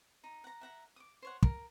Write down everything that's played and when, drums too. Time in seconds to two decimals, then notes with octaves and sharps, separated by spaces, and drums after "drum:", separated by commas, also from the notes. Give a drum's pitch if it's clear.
0.24 D#4
0.44 F#5 A#5
0.61 E5 F#5 A#5
0.96 D6 D#6
1.22 C5 C#5 F#5
1.43 A#4, drum: kick